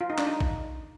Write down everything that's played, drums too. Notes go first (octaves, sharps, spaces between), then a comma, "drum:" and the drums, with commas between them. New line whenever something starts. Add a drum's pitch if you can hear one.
F4
D#4
D4, drum: clap
D#4
drum: kick A#1